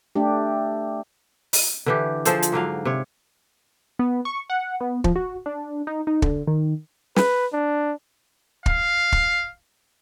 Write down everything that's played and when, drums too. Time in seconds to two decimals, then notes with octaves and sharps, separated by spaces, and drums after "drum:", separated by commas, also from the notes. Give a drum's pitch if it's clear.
0.16 A3 D4 G4
1.53 drum: open hi-hat
1.86 D3 E3 G4
2.25 F3 G#4 A4 C5, drum: hi-hat
2.42 drum: hi-hat
2.52 G#2 D3 F#3 F5
2.85 C3 C#5
3.99 B3
4.25 C#6
4.50 F#5
4.81 B3
5.04 F3, drum: kick
5.16 F#4
5.46 D4
5.87 D#4
6.07 D#4
6.22 D3, drum: kick
6.47 D#3
7.16 B4, drum: snare
7.53 D4
8.66 F5, drum: kick
9.12 drum: kick